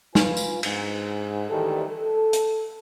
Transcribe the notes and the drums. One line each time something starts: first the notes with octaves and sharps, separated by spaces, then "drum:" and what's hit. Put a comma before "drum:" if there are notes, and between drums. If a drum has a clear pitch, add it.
F4 B4 G#5, drum: snare
drum: tambourine
G#2, drum: cymbal
D2 D#3 E3 G3 G4 A4
A4
drum: hi-hat